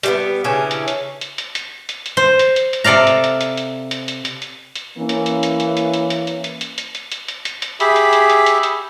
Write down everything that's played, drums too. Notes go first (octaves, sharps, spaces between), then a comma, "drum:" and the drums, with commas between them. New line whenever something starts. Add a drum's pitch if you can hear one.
G3 A3 B3, drum: hi-hat
C#3 E3 C#4 D4
drum: hi-hat
drum: hi-hat
drum: hi-hat
drum: hi-hat
drum: hi-hat
drum: hi-hat
drum: hi-hat
C5
drum: hi-hat
drum: hi-hat
drum: hi-hat
C3 A4 D5 F5 A#5
drum: hi-hat
drum: hi-hat
drum: hi-hat
drum: hi-hat
drum: hi-hat
drum: hi-hat
drum: hi-hat
drum: hi-hat
drum: hi-hat
E3 A#3 C#4
drum: hi-hat
drum: hi-hat
drum: hi-hat
drum: hi-hat
drum: hi-hat
drum: hi-hat
drum: hi-hat
drum: hi-hat
drum: hi-hat
drum: hi-hat
drum: hi-hat
drum: hi-hat
drum: hi-hat
drum: hi-hat
drum: hi-hat
drum: hi-hat
G4 G#4 E5 B5, drum: hi-hat
drum: hi-hat
drum: hi-hat
drum: hi-hat
drum: hi-hat
drum: hi-hat